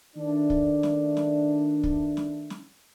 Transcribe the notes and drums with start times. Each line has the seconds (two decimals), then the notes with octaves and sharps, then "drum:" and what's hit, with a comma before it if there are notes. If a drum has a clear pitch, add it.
0.16 D#3 A3 D4
0.50 drum: kick
0.83 drum: snare
1.17 drum: snare
1.83 drum: kick
2.17 drum: snare
2.50 drum: snare